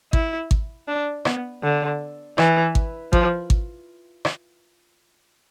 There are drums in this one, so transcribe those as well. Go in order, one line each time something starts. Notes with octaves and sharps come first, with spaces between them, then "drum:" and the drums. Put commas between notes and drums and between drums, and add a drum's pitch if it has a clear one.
E4, drum: kick G#1
drum: kick G#1
D4
B3, drum: rim click
D3
E3, drum: rim click
drum: kick G#1
F3, drum: kick G#1
drum: kick G#1
drum: rim click